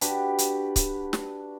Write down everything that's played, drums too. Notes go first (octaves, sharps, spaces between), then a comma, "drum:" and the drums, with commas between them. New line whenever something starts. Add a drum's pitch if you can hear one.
D4 F#4 G4 B4, drum: hi-hat
drum: hi-hat
drum: kick C#1, hi-hat
drum: snare